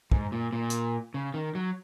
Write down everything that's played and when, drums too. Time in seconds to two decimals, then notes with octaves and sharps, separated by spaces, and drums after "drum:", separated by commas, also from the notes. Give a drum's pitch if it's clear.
0.12 G#2, drum: kick
0.32 A#2
0.53 A#2
0.70 drum: hi-hat
1.14 C#3
1.34 D#3
1.55 F#3